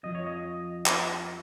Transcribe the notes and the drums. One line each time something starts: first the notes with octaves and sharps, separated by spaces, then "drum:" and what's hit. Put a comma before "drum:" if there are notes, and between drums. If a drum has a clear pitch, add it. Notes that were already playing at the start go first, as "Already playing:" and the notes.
F2 F3 D#5
C#5
D#5
drum: clap